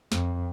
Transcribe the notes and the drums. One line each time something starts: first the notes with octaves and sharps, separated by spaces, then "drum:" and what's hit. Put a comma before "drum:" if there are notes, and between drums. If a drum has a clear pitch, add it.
F2, drum: snare